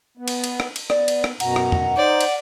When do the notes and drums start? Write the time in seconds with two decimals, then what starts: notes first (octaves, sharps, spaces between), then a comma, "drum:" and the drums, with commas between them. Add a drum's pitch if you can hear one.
0.17 B3
0.28 drum: cymbal
0.44 drum: cymbal
0.60 drum: rim click
0.76 drum: cymbal
0.90 B3 D5, drum: rim click
1.08 drum: cymbal
1.24 drum: rim click
1.40 F#2 B2 F#5 A#5, drum: cymbal
1.56 drum: rim click
1.72 drum: tom
1.97 D#4 C5 D5
2.21 drum: cymbal